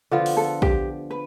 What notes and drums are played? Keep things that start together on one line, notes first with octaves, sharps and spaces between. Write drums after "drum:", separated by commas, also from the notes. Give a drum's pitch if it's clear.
D3 F3 B3 F4
drum: open hi-hat
A4
G4, drum: kick
B4